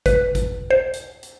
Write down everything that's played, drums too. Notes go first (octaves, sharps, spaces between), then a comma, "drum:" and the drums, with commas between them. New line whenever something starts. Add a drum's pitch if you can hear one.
B4, drum: kick, hi-hat
drum: kick, hi-hat
C5
drum: hi-hat
drum: hi-hat